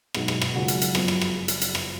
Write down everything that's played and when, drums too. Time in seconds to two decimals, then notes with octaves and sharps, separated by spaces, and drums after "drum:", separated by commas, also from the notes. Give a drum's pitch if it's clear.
0.14 B1 B2 G#3 B3 D#4 F#4, drum: rim click
0.28 drum: rim click
0.42 drum: rim click
0.55 F#1 F#2 C#3 F3 G#3 F#4
0.68 drum: hi-hat
0.81 drum: hi-hat
0.95 F#1 F#2 F3 B3 G#4, drum: rim click
1.08 drum: rim click
1.21 drum: rim click
1.48 drum: hi-hat
1.61 drum: hi-hat
1.75 drum: rim click